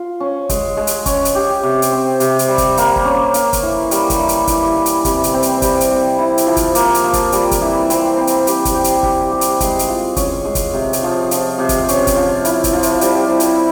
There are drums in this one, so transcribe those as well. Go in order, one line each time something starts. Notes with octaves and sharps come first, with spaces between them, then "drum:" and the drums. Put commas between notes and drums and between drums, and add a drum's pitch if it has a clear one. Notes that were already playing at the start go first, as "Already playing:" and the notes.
Already playing: F4
C#4
G#3, drum: kick, hi-hat
G#3
drum: hi-hat
C#4, drum: kick, hi-hat
drum: hi-hat
G4
C3
drum: hi-hat
C4
C3, drum: hi-hat
drum: hi-hat
G3
drum: kick, hi-hat
A#3, drum: hi-hat
drum: kick
C#4
A#3, drum: hi-hat
drum: kick, hi-hat
E3
G3, drum: hi-hat
drum: kick, hi-hat
E3
drum: hi-hat
E3, drum: kick, hi-hat
E3
drum: hi-hat
C3, drum: kick, hi-hat
drum: hi-hat
C4
drum: hi-hat
G3, drum: kick, hi-hat
drum: hi-hat
C4
E4
drum: hi-hat
F3
drum: kick, hi-hat
A#3, drum: hi-hat
drum: hi-hat
F3
drum: kick, hi-hat
G3, drum: hi-hat
drum: kick, hi-hat
E3
C4, drum: hi-hat
C4
drum: hi-hat
G4, drum: hi-hat
drum: kick, hi-hat
G4
drum: hi-hat
G4, drum: kick
G4
drum: hi-hat
G#3, drum: kick, hi-hat
drum: hi-hat
F4
C#4, drum: kick, hi-hat
G#3
drum: kick, hi-hat
C3
drum: hi-hat
F3
F3, drum: hi-hat
C3
drum: kick, hi-hat
C#4, drum: hi-hat
drum: kick, hi-hat
F3
E4, drum: hi-hat
drum: kick, hi-hat
F3
drum: hi-hat
G3, drum: hi-hat
E4
drum: hi-hat